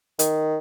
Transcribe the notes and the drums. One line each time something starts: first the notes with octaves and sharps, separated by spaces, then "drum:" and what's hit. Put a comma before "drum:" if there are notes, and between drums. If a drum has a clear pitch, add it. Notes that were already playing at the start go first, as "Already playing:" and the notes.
D#3, drum: hi-hat